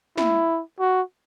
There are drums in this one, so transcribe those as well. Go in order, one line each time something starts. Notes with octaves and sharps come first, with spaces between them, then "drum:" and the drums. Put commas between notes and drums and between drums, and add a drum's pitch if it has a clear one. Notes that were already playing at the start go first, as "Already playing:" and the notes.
E4, drum: snare
F#4